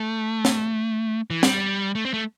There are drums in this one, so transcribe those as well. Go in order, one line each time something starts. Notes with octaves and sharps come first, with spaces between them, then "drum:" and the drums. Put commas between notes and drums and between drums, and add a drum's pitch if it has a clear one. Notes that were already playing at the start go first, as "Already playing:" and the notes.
Already playing: A3
drum: snare
E3
G3, drum: snare
A3
C4
A3